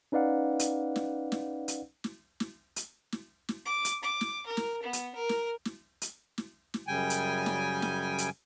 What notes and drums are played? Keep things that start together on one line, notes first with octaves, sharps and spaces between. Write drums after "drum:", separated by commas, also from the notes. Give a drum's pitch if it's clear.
C#4 D#4 B4 D5 F5 F#5
drum: hi-hat
drum: snare
drum: snare
drum: hi-hat
drum: snare
drum: snare
drum: hi-hat
drum: snare
drum: snare
D6
drum: hi-hat
D6
drum: snare
A#4
drum: snare
B3
drum: hi-hat
A#4
drum: snare
drum: snare
drum: hi-hat
drum: snare
drum: snare
F#2 C#3 G3 G5 G#5
drum: hi-hat
drum: snare
drum: snare
drum: hi-hat